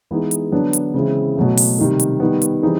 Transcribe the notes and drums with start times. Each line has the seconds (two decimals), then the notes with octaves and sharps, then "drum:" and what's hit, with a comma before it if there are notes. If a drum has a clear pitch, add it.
0.11 E3 G#3 B3 D#4 G#4
0.31 drum: hi-hat
0.52 D3 F#3 B3 D4
0.73 drum: hi-hat
0.94 C#3 E3 G#3 C4 E4
1.36 B2 F#3 A3
1.57 drum: open hi-hat
1.79 C3 D#3 G3
1.99 drum: hi-hat
2.20 D#3 G3 B3
2.42 drum: hi-hat
2.62 E3 G3 C4 D#4 G#4